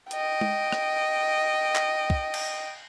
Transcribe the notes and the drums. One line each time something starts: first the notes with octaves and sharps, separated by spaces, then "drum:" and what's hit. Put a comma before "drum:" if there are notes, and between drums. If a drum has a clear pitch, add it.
D#5 G5, drum: hi-hat
drum: tom G#3
drum: rim click
drum: clap
drum: kick
drum: cymbal